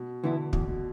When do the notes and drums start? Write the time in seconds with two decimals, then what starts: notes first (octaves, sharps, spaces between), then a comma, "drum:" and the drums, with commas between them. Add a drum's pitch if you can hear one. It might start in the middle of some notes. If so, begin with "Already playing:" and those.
Already playing: B2
0.24 D3 E3 B3 E4
0.53 E2 B2, drum: kick
0.68 B2